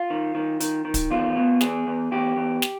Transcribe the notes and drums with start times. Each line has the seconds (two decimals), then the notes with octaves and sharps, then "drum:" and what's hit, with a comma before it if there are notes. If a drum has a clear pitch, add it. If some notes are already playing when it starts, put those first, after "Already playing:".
Already playing: F4
0.10 D#3
0.35 D#3
0.60 D#3, drum: hi-hat
0.85 D#3
0.94 drum: kick D1, hi-hat
1.10 E2 F4
1.36 B2
1.61 E2 G#4, drum: snare
1.87 E2
2.12 E2 G4
2.37 E2
2.62 drum: snare